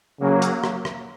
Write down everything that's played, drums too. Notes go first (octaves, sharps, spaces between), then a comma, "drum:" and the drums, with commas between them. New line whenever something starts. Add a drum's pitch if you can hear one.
C#3 F#3 A#3
drum: hi-hat
drum: rim click
drum: rim click